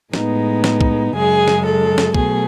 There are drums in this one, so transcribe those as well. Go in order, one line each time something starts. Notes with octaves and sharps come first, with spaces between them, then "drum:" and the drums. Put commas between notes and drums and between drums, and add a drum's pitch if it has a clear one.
A2 G#3 B3 D#4, drum: snare
drum: snare
drum: kick
F#2 C#3 G#3 G#4
drum: snare
A4
drum: snare
B2 F#3 A3 G#4, drum: kick